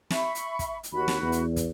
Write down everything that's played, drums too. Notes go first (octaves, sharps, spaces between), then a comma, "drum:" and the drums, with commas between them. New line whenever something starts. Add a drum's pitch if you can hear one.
E5 B5 C#6, drum: snare
drum: hi-hat
drum: kick, hi-hat
drum: hi-hat
D#2 F#4 B5
drum: snare
E2
drum: hi-hat
drum: kick, hi-hat